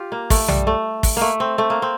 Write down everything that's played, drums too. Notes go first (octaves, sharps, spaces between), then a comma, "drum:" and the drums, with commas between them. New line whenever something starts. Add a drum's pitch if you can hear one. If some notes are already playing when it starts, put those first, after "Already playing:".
Already playing: F4 G4
A#3
A3, drum: kick, open hi-hat
G3, drum: tom B1
A3
drum: kick, open hi-hat
A3 A#3
C4
A3
A#3
C4